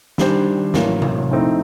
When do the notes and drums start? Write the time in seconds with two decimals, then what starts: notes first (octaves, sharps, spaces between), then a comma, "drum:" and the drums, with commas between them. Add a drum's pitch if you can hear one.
0.18 D#3 G3 D4 G4 C5, drum: snare
0.74 A1 A2 F#3 A#3, drum: snare
1.02 drum: tom C3
1.31 A#1 A2 A3 C4 D#4